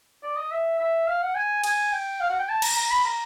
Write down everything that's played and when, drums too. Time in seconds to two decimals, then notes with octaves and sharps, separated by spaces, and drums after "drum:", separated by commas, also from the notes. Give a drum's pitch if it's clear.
0.23 D5
0.36 D#5
0.51 E5
0.79 E5
1.07 F5
1.22 F#5
1.35 G#5
1.64 G#5, drum: cymbal
1.92 G5
2.20 F5
2.29 F#5
2.39 G5
2.49 A5
2.62 A#5, drum: cymbal
2.76 A#5
2.90 B5
3.04 A#5